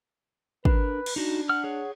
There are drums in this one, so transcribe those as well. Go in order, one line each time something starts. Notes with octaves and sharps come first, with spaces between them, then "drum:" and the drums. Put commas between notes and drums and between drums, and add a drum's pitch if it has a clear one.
D4 A#4 B4, drum: kick
drum: cymbal
D4 D#4 F#4
F#5 F6
G#4 C#5